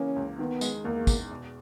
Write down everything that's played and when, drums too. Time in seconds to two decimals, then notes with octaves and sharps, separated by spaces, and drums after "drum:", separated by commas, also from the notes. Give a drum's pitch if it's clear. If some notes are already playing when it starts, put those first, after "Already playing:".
Already playing: C#3 E3 A#3 C#4
0.16 C#2
0.39 D#3 B3
0.61 G#3, drum: tambourine
0.85 E2 A#3
1.07 E2, drum: kick, tambourine
1.31 B2